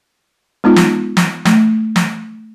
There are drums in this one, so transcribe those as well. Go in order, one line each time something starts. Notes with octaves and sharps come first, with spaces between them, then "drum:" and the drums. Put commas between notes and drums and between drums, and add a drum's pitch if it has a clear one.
G#3 B3 D#4 F4
drum: snare
drum: snare
A3, drum: snare
drum: snare